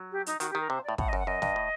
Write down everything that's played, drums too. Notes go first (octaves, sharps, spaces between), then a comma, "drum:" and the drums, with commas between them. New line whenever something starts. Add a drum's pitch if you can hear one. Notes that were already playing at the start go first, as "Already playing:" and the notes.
Already playing: F#3
G4
D#4, drum: hi-hat
D#3 F#4, drum: hi-hat
G4
D#3
A#4
C3 C5
A2 D5
A2 F#5, drum: kick
D#5
F#2
F#5
F#2 D#5
G2, drum: snare
A2